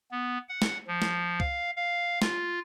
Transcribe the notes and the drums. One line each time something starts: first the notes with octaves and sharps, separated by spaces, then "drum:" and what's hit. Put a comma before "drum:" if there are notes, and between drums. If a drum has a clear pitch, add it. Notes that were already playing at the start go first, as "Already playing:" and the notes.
B3
F#5
drum: snare
F3
drum: snare
F5, drum: kick C2
F5
F4, drum: snare